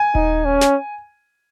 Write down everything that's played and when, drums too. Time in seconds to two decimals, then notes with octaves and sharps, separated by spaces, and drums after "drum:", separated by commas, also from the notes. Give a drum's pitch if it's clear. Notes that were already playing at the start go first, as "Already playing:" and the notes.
Already playing: G#5
0.15 D#4, drum: kick D#1
0.45 C#4
0.61 drum: snare